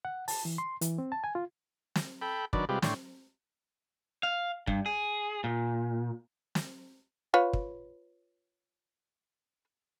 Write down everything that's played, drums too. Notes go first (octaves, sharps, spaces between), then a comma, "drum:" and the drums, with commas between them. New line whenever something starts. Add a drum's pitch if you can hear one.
F#5
A5, drum: open hi-hat
E3
C6
E3, drum: hi-hat
C4
A5
G#5
F4
drum: snare
A4 G5 B5
D#3 F#3 D4 B4 D5, drum: kick
C3 G3 G#3 F4 G4 B4
A2 D4 C#5 G5 C6, drum: snare
F5
G2, drum: kick
G#4
A#2
drum: snare
F4 B4 C#5
drum: kick